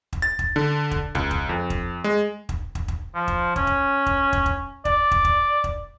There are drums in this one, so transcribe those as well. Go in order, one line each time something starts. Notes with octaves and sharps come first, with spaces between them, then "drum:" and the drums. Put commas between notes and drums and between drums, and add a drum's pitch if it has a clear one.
drum: kick
A6
drum: kick
D3
drum: kick
C#2, drum: kick
drum: kick
F2
drum: kick
G#3
drum: kick
drum: kick
drum: kick
F3
drum: kick
C#4, drum: kick
drum: kick
drum: kick
drum: kick
drum: kick
D5, drum: kick
drum: kick
drum: kick
drum: kick